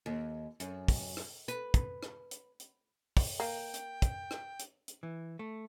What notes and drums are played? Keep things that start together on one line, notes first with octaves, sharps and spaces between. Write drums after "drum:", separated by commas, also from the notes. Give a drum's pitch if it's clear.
D#2
F#2, drum: hi-hat
drum: kick, open hi-hat
drum: rim click
B4, drum: hi-hat
drum: kick, hi-hat
drum: rim click
drum: hi-hat
drum: hi-hat
drum: kick, open hi-hat
A#3 G5
drum: hi-hat
drum: kick, hi-hat
drum: rim click
drum: hi-hat
drum: hi-hat
E3
A3